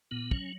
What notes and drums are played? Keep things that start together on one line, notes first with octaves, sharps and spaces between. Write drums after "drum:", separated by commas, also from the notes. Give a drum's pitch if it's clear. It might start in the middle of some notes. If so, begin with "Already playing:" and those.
A#2 B3
F#3 C#4, drum: kick